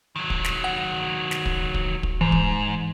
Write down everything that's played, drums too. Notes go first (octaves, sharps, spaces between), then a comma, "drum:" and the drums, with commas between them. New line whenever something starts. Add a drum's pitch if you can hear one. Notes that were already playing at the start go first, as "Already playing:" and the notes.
D#3 F#3
drum: kick
drum: snare
F#5
drum: snare
drum: kick
drum: kick
drum: kick
G#2 E3
drum: kick